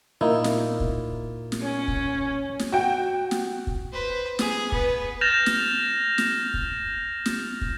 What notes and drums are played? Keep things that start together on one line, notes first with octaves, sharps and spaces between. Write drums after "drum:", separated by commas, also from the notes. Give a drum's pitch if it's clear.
A#2 D#4 E4
drum: snare
drum: kick
drum: snare
C#4
drum: kick
drum: snare
F#4 G5
drum: snare
drum: kick
B4 C5
G#4, drum: snare
B3 B4, drum: kick
F6 G6 A6 A#6 E7 F7
drum: snare
drum: snare
drum: kick
drum: snare
drum: kick